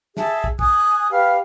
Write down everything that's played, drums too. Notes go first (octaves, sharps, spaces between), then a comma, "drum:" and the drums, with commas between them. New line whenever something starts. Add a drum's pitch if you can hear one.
G#4 E5 A5, drum: snare
drum: kick
G#5 D#6 F#6, drum: kick
G4 B4 F5 F6